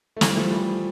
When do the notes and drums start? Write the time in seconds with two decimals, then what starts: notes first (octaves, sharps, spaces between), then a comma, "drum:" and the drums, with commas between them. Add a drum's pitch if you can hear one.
0.17 A3
0.21 E3 G3, drum: snare
0.36 F3 A3
0.51 E3 G3